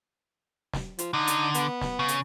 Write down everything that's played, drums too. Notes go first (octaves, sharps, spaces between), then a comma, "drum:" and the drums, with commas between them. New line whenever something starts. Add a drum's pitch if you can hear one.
drum: snare
F3, drum: hi-hat
D3 D#4
drum: hi-hat
B3, drum: hi-hat
drum: snare
C#3
drum: hi-hat